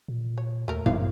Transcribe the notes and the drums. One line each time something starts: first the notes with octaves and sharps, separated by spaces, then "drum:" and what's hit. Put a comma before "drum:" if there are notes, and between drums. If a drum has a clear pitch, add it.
A#2
C#5
D#2 A3 A#4
G1 F5, drum: tom